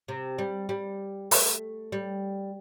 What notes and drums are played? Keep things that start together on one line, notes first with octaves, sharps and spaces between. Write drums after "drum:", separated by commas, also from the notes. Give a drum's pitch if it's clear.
C3
G3
G3
A3, drum: open hi-hat
G3